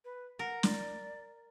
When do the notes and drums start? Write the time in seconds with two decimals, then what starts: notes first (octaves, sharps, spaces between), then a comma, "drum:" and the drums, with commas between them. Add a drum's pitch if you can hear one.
0.05 B4
0.39 A#4 F#5
0.63 D5, drum: snare